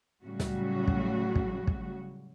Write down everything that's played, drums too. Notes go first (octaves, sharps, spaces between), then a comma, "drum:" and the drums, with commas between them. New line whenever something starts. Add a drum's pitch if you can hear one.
A2 C#3 F#3 G3 F#4
drum: snare
drum: kick
drum: kick
drum: kick